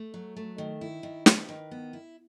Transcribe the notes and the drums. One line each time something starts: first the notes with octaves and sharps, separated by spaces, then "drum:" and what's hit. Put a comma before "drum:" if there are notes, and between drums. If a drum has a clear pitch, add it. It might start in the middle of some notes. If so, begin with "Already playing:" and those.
Already playing: A3
F#3
A3
D#3
E4
D#3
B4, drum: snare
D#3
B3
E4